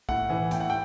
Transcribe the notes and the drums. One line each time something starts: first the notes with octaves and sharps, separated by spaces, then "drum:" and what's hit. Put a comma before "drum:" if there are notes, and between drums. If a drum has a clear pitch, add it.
A2 F#5, drum: kick
E3
A2 G5, drum: hi-hat
F#5
G5